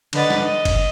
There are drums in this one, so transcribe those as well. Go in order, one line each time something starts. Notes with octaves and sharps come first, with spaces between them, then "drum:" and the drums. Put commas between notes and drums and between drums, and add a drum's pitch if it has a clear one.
D3 B4 D#5 F#5 A6, drum: cymbal
drum: snare
D#5
drum: kick F#1, cymbal